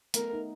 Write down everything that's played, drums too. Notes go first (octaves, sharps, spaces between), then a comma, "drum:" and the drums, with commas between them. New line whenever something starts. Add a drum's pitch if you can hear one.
A3 B3 A#4, drum: hi-hat
D#4